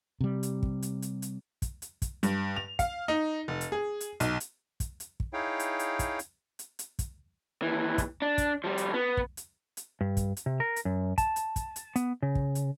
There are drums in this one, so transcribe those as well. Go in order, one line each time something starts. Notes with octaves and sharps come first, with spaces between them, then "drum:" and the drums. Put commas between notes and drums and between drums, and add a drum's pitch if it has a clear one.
C3 G3
drum: hi-hat
drum: kick
drum: hi-hat
drum: hi-hat
drum: hi-hat
drum: kick, hi-hat
drum: hi-hat
drum: kick, hi-hat
G2, drum: hi-hat
F7
F5, drum: kick, hi-hat
D#4
F1
drum: hi-hat
G#4
drum: hi-hat
B1, drum: hi-hat
drum: hi-hat
drum: kick, hi-hat
drum: hi-hat
drum: kick
D#4 E4 G#4 C#5 F5 G5
drum: hi-hat
drum: hi-hat
drum: kick, hi-hat
drum: hi-hat
drum: hi-hat
drum: hi-hat
drum: kick, hi-hat
D#2 E3
drum: kick, hi-hat
D4
drum: kick, hi-hat
F3 G3
drum: hi-hat
B3
drum: kick
drum: hi-hat
drum: hi-hat
G2
drum: kick, hi-hat
drum: hi-hat
C3
A#4
drum: hi-hat
F#2
A5, drum: kick, hi-hat
drum: hi-hat
drum: kick, hi-hat
drum: hi-hat
B3, drum: hi-hat
C#3
drum: kick
drum: hi-hat